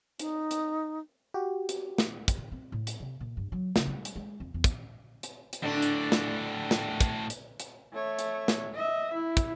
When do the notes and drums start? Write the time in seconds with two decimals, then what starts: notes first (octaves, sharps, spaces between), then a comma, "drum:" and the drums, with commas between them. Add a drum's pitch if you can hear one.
0.19 D#4, drum: hi-hat
0.51 drum: hi-hat
1.34 F#4 G4
1.69 drum: hi-hat
1.98 drum: snare
2.28 drum: kick, hi-hat
2.37 D#3
2.52 C4
2.72 A2
2.87 drum: hi-hat
3.00 C3
3.20 A#2
3.37 G2
3.52 F#3
3.76 C#3, drum: snare
3.87 G3
4.05 drum: hi-hat
4.16 G#3
4.40 F2
4.54 E2
4.64 drum: kick, hi-hat
5.23 drum: hi-hat
5.53 drum: hi-hat
5.63 A2 D3 D4 F#4
5.82 drum: hi-hat
6.12 drum: snare
6.71 drum: snare
7.01 drum: kick, hi-hat
7.30 drum: hi-hat
7.60 drum: hi-hat
7.93 A3 C#5
8.19 drum: hi-hat
8.48 drum: snare
8.74 D#5 E5
9.13 E4
9.37 drum: kick, hi-hat